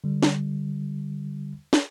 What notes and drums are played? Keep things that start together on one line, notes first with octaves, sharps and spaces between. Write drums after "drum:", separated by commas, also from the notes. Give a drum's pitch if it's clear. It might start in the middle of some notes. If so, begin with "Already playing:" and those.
D3 G3
drum: snare
drum: snare